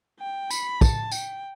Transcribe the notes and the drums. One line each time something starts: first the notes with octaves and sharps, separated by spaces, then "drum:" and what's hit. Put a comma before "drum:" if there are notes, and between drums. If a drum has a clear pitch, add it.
G5
B5, drum: tambourine
A5, drum: kick, tambourine
G5, drum: tambourine